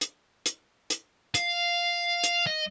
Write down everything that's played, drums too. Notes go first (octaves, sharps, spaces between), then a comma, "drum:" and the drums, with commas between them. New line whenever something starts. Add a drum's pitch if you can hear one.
drum: hi-hat
drum: hi-hat
drum: hi-hat
F5, drum: hi-hat
drum: hi-hat
D#5